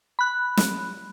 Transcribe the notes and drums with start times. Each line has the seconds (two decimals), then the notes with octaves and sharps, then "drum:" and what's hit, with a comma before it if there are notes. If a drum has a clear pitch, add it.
0.19 B5 F#6
0.57 drum: snare